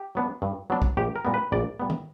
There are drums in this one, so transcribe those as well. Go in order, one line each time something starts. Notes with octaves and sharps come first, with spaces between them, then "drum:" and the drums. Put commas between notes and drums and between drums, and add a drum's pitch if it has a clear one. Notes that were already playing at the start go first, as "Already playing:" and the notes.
Already playing: G4
F#3 B3 D4
G2
F#3 B3 D4
drum: kick
A#1 G4
A#4
A#2 G3 B3
B4
A#1 D5
A#2 G3 B3
drum: tom